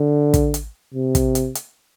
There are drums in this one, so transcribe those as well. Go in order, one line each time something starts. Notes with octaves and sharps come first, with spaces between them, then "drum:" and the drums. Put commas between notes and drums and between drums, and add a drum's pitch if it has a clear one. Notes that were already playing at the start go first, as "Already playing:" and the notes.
Already playing: D3
drum: kick, hi-hat
drum: hi-hat
C3
drum: kick, hi-hat
drum: hi-hat
drum: hi-hat